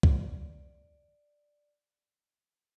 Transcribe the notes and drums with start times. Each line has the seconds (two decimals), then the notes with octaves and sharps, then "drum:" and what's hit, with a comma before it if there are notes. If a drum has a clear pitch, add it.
0.03 D5 D7, drum: kick C2